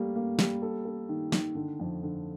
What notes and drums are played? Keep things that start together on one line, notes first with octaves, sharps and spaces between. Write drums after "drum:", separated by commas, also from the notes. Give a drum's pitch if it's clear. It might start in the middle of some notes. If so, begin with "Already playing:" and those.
Already playing: G3 A3 A#3
A#3
G3, drum: snare
A4
A4
D#3
D#3, drum: snare
D3
F2
D3